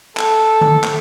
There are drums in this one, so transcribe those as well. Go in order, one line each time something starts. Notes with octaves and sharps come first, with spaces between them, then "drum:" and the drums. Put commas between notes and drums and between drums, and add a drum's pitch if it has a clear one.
A4, drum: clap
drum: tom D3
drum: clap